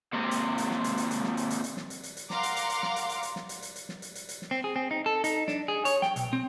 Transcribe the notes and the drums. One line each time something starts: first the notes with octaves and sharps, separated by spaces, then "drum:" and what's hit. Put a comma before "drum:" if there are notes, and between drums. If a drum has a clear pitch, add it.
D#2 C3
drum: hi-hat
drum: hi-hat
drum: snare
drum: hi-hat
drum: hi-hat
drum: hi-hat
drum: snare
drum: hi-hat
drum: hi-hat
drum: hi-hat
drum: snare
drum: hi-hat
drum: hi-hat
drum: hi-hat
A#4 F5 F#5 A#5 C6 D6, drum: snare
drum: hi-hat
drum: hi-hat
drum: hi-hat
drum: snare
drum: hi-hat
drum: hi-hat
drum: hi-hat
drum: snare
drum: hi-hat
drum: hi-hat
drum: hi-hat
drum: snare
drum: hi-hat
drum: hi-hat
drum: hi-hat
drum: snare
C4
G#4
C4
D#4
A4
D#4, drum: hi-hat
D4, drum: snare
G#4
C#5, drum: hi-hat
G5, drum: snare
B1, drum: hi-hat
C4